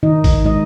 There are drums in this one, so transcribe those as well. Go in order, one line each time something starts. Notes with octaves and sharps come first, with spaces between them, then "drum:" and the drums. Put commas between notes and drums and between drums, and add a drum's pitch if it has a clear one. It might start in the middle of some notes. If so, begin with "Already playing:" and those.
D#3 D#4 D#5
drum: kick, open hi-hat
G#3 D#4 D#5